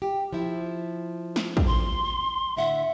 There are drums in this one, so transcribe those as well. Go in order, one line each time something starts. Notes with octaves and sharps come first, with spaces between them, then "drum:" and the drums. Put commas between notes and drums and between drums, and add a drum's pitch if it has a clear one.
G4
F3 E4
drum: snare
drum: kick
C6
A2 D3 E5 F#5